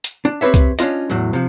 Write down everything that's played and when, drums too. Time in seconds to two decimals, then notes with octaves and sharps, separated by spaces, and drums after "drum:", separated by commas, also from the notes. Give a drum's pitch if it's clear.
0.04 drum: hi-hat
0.25 D4
0.41 C4 G4 B4 C#5 E5
0.54 drum: kick C2, hi-hat
0.79 C#4 D4 F4 D#5, drum: hi-hat
1.10 E2 A2 F#3
1.33 C3 F3